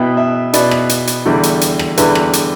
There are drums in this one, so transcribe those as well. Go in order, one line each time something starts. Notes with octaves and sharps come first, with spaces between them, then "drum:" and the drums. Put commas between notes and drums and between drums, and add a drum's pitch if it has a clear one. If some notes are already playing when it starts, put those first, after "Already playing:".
Already playing: B2 B3 E4 G5
E5
B2 B3 E4 D5, drum: hi-hat
drum: rim click
drum: hi-hat
drum: hi-hat
E2 D3 G3 E4
drum: hi-hat
drum: hi-hat
drum: rim click
E2 D3 G3 E4 B4, drum: hi-hat
drum: rim click
drum: hi-hat